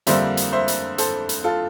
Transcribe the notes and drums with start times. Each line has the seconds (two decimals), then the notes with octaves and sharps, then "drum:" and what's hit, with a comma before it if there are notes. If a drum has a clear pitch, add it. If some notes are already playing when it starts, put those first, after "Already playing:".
0.07 F2 D3 G3 A#3 C5 E5, drum: hi-hat
0.37 drum: hi-hat
0.52 C5 E5
0.68 drum: hi-hat
0.98 A4 C5, drum: hi-hat
1.29 drum: hi-hat
1.44 F4 A4